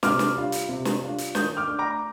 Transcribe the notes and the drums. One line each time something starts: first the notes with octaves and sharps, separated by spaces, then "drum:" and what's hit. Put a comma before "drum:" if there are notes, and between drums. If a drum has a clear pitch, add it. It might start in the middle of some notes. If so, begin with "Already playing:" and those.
C3 D6 F6, drum: snare
drum: snare
G3 D4 F4
drum: hi-hat
C3
drum: snare
G3 D4 F4
drum: hi-hat
D#3 D#6 G6, drum: snare
D6 F6
A3 D4
A#5 D6